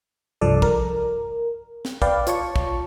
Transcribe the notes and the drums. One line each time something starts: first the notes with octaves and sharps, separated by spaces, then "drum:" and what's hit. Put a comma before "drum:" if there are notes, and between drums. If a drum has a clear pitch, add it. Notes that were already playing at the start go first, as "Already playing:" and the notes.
C2 G2 F3 A4 D5
A#4, drum: kick
drum: snare
B4 D5 F5 G5, drum: kick
F4 C#5 A5 C#6, drum: hi-hat
drum: kick